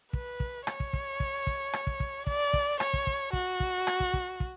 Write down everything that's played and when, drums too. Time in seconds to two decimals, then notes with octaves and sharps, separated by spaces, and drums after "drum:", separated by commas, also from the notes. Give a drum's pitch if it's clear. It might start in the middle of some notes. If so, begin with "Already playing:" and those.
0.13 B4, drum: kick
0.40 drum: kick
0.67 C#5, drum: rim click
0.80 drum: kick
0.93 drum: kick
1.20 drum: kick
1.47 drum: kick
1.73 drum: rim click
1.87 drum: kick
2.00 drum: kick
2.27 D5, drum: kick
2.53 drum: kick
2.80 C#5, drum: rim click
2.93 drum: kick
3.07 drum: kick
3.33 F#4, drum: kick
3.60 drum: kick
3.87 drum: rim click
4.00 drum: kick
4.14 drum: kick
4.40 drum: kick